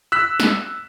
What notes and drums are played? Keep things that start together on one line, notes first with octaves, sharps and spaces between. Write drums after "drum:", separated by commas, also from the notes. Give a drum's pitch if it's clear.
E6 F#6 B6
drum: snare